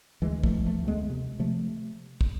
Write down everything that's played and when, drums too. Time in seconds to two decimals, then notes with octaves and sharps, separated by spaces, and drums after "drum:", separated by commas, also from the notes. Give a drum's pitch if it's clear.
0.22 D2 E3 G#3
0.44 F3 A3, drum: kick
0.51 E1
0.66 F3 A3
0.81 D2
0.88 G#3 B3
1.10 C3
1.39 C3 F3 A3
2.21 drum: kick